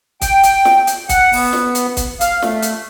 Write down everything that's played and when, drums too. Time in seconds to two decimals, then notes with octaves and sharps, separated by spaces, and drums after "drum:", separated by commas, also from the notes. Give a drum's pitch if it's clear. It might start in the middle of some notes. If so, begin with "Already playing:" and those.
0.21 G5, drum: kick, hi-hat
0.43 drum: hi-hat
0.65 drum: snare
0.87 drum: hi-hat
1.09 F#5, drum: kick, hi-hat
1.33 B3, drum: open hi-hat
1.53 drum: snare
1.75 drum: hi-hat
1.97 drum: kick, hi-hat
2.21 F5, drum: hi-hat
2.42 A3, drum: snare
2.62 drum: hi-hat